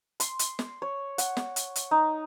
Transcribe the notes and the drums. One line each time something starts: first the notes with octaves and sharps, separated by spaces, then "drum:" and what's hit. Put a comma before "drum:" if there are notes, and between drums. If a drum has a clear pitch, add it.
C6, drum: hi-hat
drum: hi-hat
drum: snare
C#5
F#5, drum: hi-hat
drum: snare
drum: hi-hat
drum: hi-hat
D#4